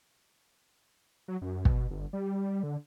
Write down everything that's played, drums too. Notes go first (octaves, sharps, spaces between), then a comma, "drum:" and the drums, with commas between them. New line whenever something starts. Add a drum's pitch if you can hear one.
F#3
F#2
B2, drum: kick
G1
G3
D3